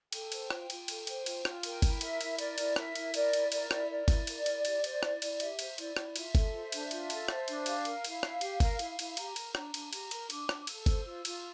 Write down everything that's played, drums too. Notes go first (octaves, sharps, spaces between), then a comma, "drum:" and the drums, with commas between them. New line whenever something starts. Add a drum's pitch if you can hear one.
A4 G5, drum: cymbal
C5, drum: cymbal
F4, drum: rim click
F4, drum: cymbal
A4, drum: cymbal
C5, drum: cymbal
F4, drum: cymbal
F4, drum: rim click
A#4 G5, drum: cymbal
E4, drum: kick G1, cymbal
A#4 E5, drum: cymbal
E4, drum: cymbal
A#4 D5, drum: cymbal
E4, drum: cymbal
A#4 E5, drum: rim click
E4, drum: cymbal
A#4 D5, drum: cymbal
E4, drum: cymbal
A#4 D5, drum: cymbal
E4, drum: rim click
A#4 D5
E4, drum: kick G1, cymbal
A#4, drum: cymbal
E4, drum: cymbal
G4, drum: cymbal
C5, drum: cymbal
E4, drum: rim click
E4, drum: cymbal
G4 E5, drum: cymbal
C5, drum: cymbal
E4 D5, drum: cymbal
E4, drum: rim click
F4 E5, drum: cymbal
A4, drum: kick G1, cymbal
C5
D4, drum: cymbal
F4, drum: cymbal
A4, drum: cymbal
C5, drum: rim click
D4, drum: cymbal
G4 F5, drum: cymbal
A#4, drum: cymbal
E4, drum: cymbal
E4, drum: rim click
G4, drum: cymbal
A#4, drum: kick G1, cymbal
E4, drum: cymbal
E4, drum: cymbal
G4 A#5, drum: cymbal
A#4, drum: cymbal
D4 A#5, drum: rim click
D4, drum: cymbal
G4 A#5, drum: cymbal
A#4, drum: cymbal
D4 D6, drum: cymbal
D4, drum: rim click
D6
A4 E6, drum: cymbal
C5, drum: kick G1, cymbal
F4 E6
F4, drum: cymbal